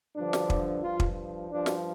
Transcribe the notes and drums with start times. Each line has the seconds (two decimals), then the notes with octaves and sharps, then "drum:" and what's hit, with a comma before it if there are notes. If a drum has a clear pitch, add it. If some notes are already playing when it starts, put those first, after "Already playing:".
0.16 G2 D3 F3 D4
0.33 drum: snare
0.50 drum: kick
0.83 G2 F3 F4
1.00 drum: kick
1.49 G2 F3 D4
1.66 drum: snare